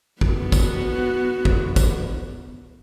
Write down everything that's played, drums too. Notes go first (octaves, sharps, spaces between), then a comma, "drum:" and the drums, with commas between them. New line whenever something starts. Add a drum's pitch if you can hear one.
B3 F#4, drum: kick
drum: kick, tambourine
drum: kick
drum: kick, tambourine